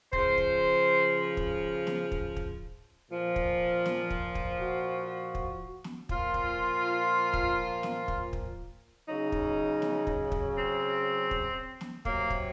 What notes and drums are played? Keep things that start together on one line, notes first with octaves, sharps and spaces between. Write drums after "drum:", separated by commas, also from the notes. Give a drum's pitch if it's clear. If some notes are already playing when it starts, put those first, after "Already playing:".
C#3 F3 C5, drum: kick
drum: kick
drum: kick
drum: snare
drum: kick
drum: kick
A#2 F3
drum: kick
drum: snare
drum: kick
drum: kick
F#4
drum: kick
drum: snare
A#2 F3 F4, drum: kick
drum: kick
drum: kick
drum: snare
drum: kick
drum: kick
C#3 F#3 D#4
drum: kick
drum: snare
drum: kick
drum: kick
C4
drum: kick
drum: snare
C3 F#3 A#3, drum: kick
drum: kick